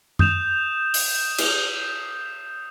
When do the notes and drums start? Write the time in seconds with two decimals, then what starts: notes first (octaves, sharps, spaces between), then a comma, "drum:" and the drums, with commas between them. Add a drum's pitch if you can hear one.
0.19 D#6 G6 E7 F7, drum: tom F#2
0.94 drum: open hi-hat
1.38 drum: cymbal